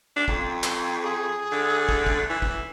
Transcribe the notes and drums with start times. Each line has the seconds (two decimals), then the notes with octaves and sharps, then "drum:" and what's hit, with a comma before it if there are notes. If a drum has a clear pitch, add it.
0.16 D4
0.28 F2, drum: kick
0.64 drum: clap
1.03 G#4
1.52 D3
1.89 drum: kick
2.06 drum: kick
2.30 E3
2.42 drum: kick